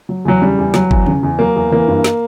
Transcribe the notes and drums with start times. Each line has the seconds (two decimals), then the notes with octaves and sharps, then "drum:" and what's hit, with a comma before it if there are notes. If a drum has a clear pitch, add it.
0.09 F#3
0.25 E2 F#3
0.42 C#3 G3
0.58 E2
0.74 F#3, drum: snare
0.91 E2, drum: kick G1
1.06 C#3, drum: tom D3
1.23 E2
1.39 F#3 A#3
1.56 E2
1.72 E3 A#3
1.88 G2
2.04 drum: snare